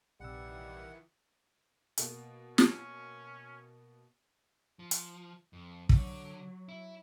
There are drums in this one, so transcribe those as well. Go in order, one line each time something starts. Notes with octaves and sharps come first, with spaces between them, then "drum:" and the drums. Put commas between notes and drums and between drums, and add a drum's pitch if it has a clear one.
A#1 C3 D#3 E3 G3 F#5 E6
B2 A#3, drum: hi-hat
C#4, drum: snare
F3
drum: hi-hat
F2
D3 F#3, drum: kick
E4